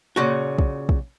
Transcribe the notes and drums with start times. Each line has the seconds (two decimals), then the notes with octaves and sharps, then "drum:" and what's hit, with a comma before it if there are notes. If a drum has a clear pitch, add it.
0.16 A#2 C#3 F#4
0.58 drum: kick
0.89 drum: kick